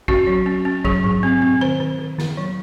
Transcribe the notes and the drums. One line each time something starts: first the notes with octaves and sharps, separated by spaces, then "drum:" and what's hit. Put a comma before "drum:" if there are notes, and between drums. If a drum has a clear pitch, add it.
C#4 F#4, drum: kick
F#3
C#4
C#4
F#3 G#4, drum: kick
F#3, drum: tom G#2
C4
C4, drum: tom B2
D#3 C5
D#3
D#3
D#3, drum: snare
F#3